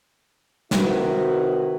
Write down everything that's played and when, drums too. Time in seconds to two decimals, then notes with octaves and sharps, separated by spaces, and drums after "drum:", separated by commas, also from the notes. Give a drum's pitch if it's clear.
0.71 C3 D#3 E4 F#4 B4, drum: snare